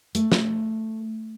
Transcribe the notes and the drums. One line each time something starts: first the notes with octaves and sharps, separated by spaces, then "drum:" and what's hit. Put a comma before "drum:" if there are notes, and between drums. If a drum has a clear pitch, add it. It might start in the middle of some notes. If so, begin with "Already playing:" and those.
A3, drum: hi-hat
drum: snare